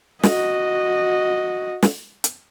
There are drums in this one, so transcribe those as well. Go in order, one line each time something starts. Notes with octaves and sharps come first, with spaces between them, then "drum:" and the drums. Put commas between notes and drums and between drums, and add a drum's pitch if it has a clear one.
F#4 D#5, drum: snare
drum: snare
drum: hi-hat